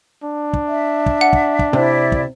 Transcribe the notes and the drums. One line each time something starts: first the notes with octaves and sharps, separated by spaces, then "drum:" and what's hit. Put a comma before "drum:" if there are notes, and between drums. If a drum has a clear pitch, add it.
D4
drum: kick
E5
drum: kick
F#5
drum: kick
drum: kick
C3 E4 D5 E5
drum: kick